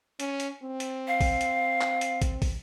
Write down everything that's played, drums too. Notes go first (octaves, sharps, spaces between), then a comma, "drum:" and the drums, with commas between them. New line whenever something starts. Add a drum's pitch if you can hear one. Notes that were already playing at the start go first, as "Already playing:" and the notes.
C#4, drum: hi-hat
drum: hi-hat
C4
drum: hi-hat
F5
drum: kick, open hi-hat
drum: hi-hat
drum: clap
drum: hi-hat
drum: kick, hi-hat
drum: kick, open hi-hat